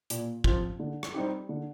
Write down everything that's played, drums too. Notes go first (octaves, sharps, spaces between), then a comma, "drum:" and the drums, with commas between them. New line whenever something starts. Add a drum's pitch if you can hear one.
A#2, drum: hi-hat
F3 C4 F4, drum: kick
D3
drum: rim click
G3 C4 D#4 G4
D3